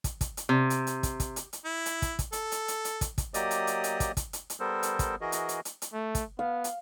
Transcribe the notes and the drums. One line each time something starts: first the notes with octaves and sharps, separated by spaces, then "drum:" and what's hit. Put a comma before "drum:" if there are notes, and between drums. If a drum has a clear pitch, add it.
drum: kick, hi-hat
drum: kick, hi-hat
drum: hi-hat
C3
drum: hi-hat
drum: hi-hat
drum: kick, hi-hat
drum: kick, hi-hat
drum: hi-hat
drum: hi-hat
E4
drum: hi-hat
drum: kick, hi-hat
drum: kick, hi-hat
A4, drum: hi-hat
drum: hi-hat
drum: hi-hat
drum: hi-hat
drum: kick, hi-hat
drum: kick, hi-hat
F#3 A#3 G4 D5 D#5 D#6, drum: hi-hat
drum: hi-hat
drum: hi-hat
drum: hi-hat
drum: kick, hi-hat
drum: kick, hi-hat
drum: hi-hat
drum: hi-hat
G3 B3 A4 A#4 C5
drum: hi-hat
drum: kick, hi-hat
E3 F#4 G#4 A#4 D#5
drum: hi-hat
drum: hi-hat
drum: hi-hat
drum: hi-hat
A3
drum: kick, hi-hat
B3 F5
drum: hi-hat